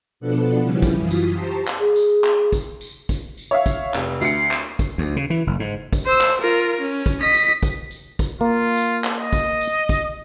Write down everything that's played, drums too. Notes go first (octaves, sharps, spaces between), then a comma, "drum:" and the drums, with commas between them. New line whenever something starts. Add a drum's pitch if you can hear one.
B2 F3 B3 D4 A4 F#5
C#3 F3 G3 C#4 E4 B4
drum: kick, tambourine
F#2 E3 F#3 F4 D#6 B6
drum: tambourine
G4 C5 A5 A#5 C6 C#6
drum: clap
G#4
drum: tambourine
drum: clap
drum: kick, tambourine
drum: tambourine
drum: kick, tambourine
drum: tambourine
C#5 E5 F5
drum: kick, tambourine
F1, drum: clap
D2 C7 C#7, drum: tambourine
drum: clap
drum: kick, tambourine
D2
C#3
E3
F#1
G#2
drum: kick, tambourine
C5 E6
drum: clap
F4 A#4
C#4
drum: kick, tambourine
D#5 B6
drum: tambourine
drum: kick, tambourine
drum: tambourine
drum: kick, tambourine
A#3 F4
drum: tambourine
drum: clap
D#5
drum: kick, tambourine
drum: tambourine
drum: kick, tambourine